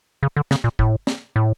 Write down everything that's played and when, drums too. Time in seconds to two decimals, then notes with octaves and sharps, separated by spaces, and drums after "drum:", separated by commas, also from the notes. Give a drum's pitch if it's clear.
0.23 C#3
0.36 D3
0.51 C#3, drum: snare
0.64 A#2
0.79 A2, drum: kick
1.07 drum: snare
1.36 A2